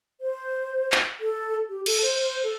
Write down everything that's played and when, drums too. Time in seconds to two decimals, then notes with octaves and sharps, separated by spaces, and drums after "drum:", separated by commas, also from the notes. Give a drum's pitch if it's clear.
0.21 C5
0.92 drum: clap
1.20 A4
1.69 G4
1.86 A4, drum: cymbal
2.03 C5
2.19 C5
2.43 A4